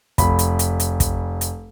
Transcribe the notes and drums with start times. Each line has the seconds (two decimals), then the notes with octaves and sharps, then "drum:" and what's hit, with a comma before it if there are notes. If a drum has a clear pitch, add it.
0.18 F1 B5, drum: kick, hi-hat
0.39 drum: hi-hat
0.59 drum: hi-hat
0.80 drum: hi-hat
1.00 drum: kick, hi-hat
1.41 drum: hi-hat